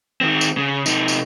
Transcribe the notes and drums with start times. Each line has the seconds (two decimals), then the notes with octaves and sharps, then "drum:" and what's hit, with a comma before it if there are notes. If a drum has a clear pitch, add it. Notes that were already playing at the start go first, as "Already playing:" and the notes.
0.21 D#3 C4
0.41 drum: tambourine
0.57 C#3
0.86 C3 D#4, drum: tambourine
1.08 drum: tambourine